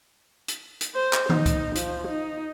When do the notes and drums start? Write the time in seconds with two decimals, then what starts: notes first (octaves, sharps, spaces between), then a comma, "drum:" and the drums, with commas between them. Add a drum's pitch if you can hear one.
0.48 drum: hi-hat
0.81 drum: hi-hat
0.95 C5
1.13 drum: clap
1.29 D#4, drum: tom D#3
1.46 drum: kick, hi-hat
1.75 F3, drum: hi-hat
2.07 D#4